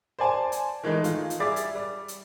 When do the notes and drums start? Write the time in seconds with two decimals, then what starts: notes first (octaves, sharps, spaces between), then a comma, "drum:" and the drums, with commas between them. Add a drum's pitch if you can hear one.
0.19 C5 D5 G#5 A5
0.52 drum: hi-hat
0.83 D#3 E3 G#3 A3 D#4
1.04 F4, drum: hi-hat
1.30 drum: hi-hat
1.40 G3 G#4 E5 D6 A6
1.56 drum: hi-hat
1.75 G3
2.08 drum: hi-hat